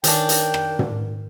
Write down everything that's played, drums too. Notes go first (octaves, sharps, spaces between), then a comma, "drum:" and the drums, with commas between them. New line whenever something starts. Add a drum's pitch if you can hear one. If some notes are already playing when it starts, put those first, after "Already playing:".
D#3 C#4 D4 A#4 G5, drum: hi-hat
drum: hi-hat
drum: rim click
drum: tom